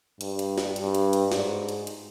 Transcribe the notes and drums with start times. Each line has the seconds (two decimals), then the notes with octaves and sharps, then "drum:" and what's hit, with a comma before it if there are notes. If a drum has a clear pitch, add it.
0.21 G2, drum: hi-hat
0.39 drum: hi-hat
0.58 drum: snare
0.76 G2, drum: hi-hat
0.95 drum: hi-hat
1.13 drum: hi-hat
1.32 G#2, drum: snare
1.69 drum: hi-hat
1.87 drum: hi-hat